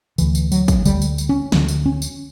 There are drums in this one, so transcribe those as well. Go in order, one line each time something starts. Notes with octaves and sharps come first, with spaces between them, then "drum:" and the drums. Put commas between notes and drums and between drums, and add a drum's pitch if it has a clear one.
D2 D3 E3, drum: tambourine
drum: tambourine
F#3, drum: tambourine
drum: kick, tambourine
D2 D3 G3, drum: tambourine
drum: tambourine
drum: tambourine
C#4
D2 D3, drum: snare
drum: tambourine
C#4
drum: tambourine